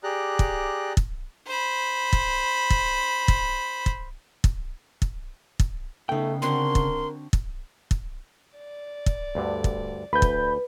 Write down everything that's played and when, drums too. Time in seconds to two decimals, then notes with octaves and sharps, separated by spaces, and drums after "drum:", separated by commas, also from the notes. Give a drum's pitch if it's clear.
0.03 G4 G#4 D5 A#5 F#6
0.39 drum: kick
0.97 drum: kick
1.47 C5 B5
2.13 drum: kick
2.70 drum: kick
3.28 drum: kick
3.86 drum: kick
4.44 drum: kick
5.02 drum: kick
5.59 drum: kick
6.09 C#3 A3 B3 D#4 G5
6.42 D3 C4 F#4 A#4 C6
6.75 drum: kick
7.33 drum: kick
7.91 drum: kick
8.57 D5
9.06 drum: kick
9.35 D2 G2 D3
9.64 drum: kick
10.13 D2 B4 B5 G6
10.22 drum: kick